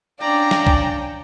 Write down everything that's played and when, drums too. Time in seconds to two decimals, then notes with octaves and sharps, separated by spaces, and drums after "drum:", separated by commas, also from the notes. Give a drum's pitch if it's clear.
0.21 C#4 D4 D5 F5 G5 A#5
0.51 drum: snare
0.66 drum: kick